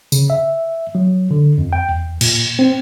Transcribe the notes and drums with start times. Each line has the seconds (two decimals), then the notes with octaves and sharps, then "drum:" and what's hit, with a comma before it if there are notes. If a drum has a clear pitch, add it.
0.12 C#3, drum: tambourine
0.30 E5
0.95 F#3
1.31 D3
1.58 F2
1.73 G5
1.89 E2
2.21 A#2, drum: cymbal
2.59 C4